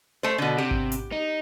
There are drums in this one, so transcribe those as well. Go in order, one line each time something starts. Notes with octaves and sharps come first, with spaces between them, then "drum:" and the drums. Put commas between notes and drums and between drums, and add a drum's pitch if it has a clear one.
A3 C5
B2 D3
C3 G4
drum: kick G#1
drum: hi-hat
D#4